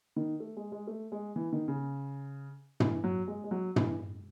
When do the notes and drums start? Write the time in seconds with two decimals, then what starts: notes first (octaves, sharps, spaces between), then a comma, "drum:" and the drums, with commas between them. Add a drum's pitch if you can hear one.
0.16 D#3
0.40 A3
0.57 G#3
0.72 G#3
0.87 A3
1.12 G#3
1.36 E3
1.53 D#3
1.68 C#3
2.80 E3, drum: tom
3.04 F#3
3.28 G#3
3.44 G#3
3.51 F#3
3.76 E3, drum: tom